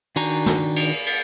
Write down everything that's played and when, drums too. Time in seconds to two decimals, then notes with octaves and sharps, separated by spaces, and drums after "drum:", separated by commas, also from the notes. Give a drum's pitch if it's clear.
0.16 D#3 D4 F#4 G#5 A#5, drum: cymbal
0.46 drum: snare
0.76 drum: cymbal
1.06 drum: cymbal